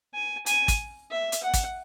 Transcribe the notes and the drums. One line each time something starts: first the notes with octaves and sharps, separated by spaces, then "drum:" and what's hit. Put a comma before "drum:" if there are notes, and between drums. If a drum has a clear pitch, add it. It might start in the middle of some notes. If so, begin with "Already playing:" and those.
G#5
G#5, drum: hi-hat
drum: kick, hi-hat
E5
drum: hi-hat
F#5
drum: kick, hi-hat